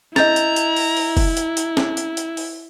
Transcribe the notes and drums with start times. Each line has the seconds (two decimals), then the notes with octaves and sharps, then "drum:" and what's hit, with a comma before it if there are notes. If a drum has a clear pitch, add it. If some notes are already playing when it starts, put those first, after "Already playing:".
0.16 E4 D#5 A#5 G6 A6, drum: snare
0.36 drum: hi-hat
0.56 drum: hi-hat
0.76 drum: open hi-hat
0.97 drum: open hi-hat
1.17 drum: kick, open hi-hat
1.37 drum: hi-hat
1.57 drum: hi-hat
1.77 drum: snare
1.97 drum: hi-hat
2.17 drum: hi-hat
2.37 drum: open hi-hat